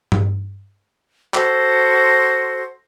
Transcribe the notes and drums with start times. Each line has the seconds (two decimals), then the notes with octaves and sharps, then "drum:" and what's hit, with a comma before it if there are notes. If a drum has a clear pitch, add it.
0.12 drum: tom G2
1.34 F#4 A4 C5, drum: clap